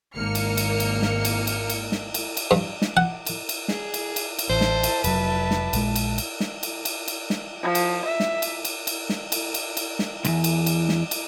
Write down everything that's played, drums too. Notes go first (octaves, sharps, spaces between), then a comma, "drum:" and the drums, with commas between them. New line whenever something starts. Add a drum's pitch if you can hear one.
G#1 A#3 F6 C#7
drum: cymbal
drum: cymbal
drum: cymbal
drum: snare
drum: cymbal
drum: cymbal
drum: cymbal
drum: snare
drum: cymbal
drum: cymbal
G2
drum: snare
F#5
drum: cymbal
drum: cymbal
G#4, drum: snare
drum: cymbal
drum: cymbal
drum: cymbal
A1 C5 E5 A5
drum: snare
drum: cymbal
F1 F#3 B4, drum: cymbal
drum: snare
A#1 G#3, drum: cymbal
drum: cymbal
drum: cymbal
drum: snare
drum: cymbal
drum: cymbal
drum: cymbal
drum: snare
F3
drum: cymbal
E5
drum: snare
drum: cymbal
drum: cymbal
drum: cymbal
drum: snare
drum: cymbal
drum: cymbal
drum: cymbal
drum: snare
B1 E2, drum: cymbal
drum: cymbal
drum: cymbal
drum: snare
drum: cymbal